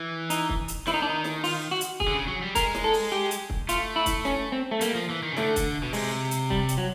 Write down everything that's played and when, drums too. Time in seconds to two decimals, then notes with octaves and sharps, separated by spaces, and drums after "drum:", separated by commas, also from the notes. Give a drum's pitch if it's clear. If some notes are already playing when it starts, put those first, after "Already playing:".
Already playing: E3
0.30 D#4, drum: hi-hat
0.49 drum: kick
0.68 drum: hi-hat
0.87 D#3 E4, drum: snare
0.94 D#4
1.02 D4
1.09 D#4
1.24 drum: snare
1.44 F4, drum: open hi-hat
1.71 F#4
1.81 drum: hi-hat
2.00 G#4, drum: kick
2.07 D3
2.14 C#3
2.28 F#3
2.42 G3
2.55 G#3 A#4, drum: kick, hi-hat
2.75 drum: snare
2.84 A4
2.93 drum: open hi-hat
3.12 G4
3.31 drum: hi-hat
3.50 drum: kick
3.69 A3 F4, drum: hi-hat
3.96 E4
4.06 drum: kick, hi-hat
4.25 C#4, drum: snare
4.52 C4
4.71 A3
4.81 G3 A#3, drum: hi-hat
4.95 F3
5.10 E3
5.23 D#3
5.33 C#3
5.37 D3 A3, drum: snare
5.56 drum: kick, hi-hat
5.83 B2
5.93 C3 G#3, drum: open hi-hat
6.31 drum: hi-hat
6.50 G3, drum: kick
6.69 drum: hi-hat
6.78 F#3